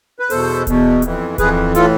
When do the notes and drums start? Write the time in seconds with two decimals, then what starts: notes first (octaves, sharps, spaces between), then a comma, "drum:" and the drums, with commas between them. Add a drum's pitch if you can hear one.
0.19 B4
0.30 E2 B2 A4 C5, drum: open hi-hat
0.67 E2 B2, drum: kick D1, hi-hat
1.02 F2 E3, drum: hi-hat
1.38 F2 E3 G#4 B4, drum: kick D1, hi-hat
1.75 A2 E3 F4 A4, drum: hi-hat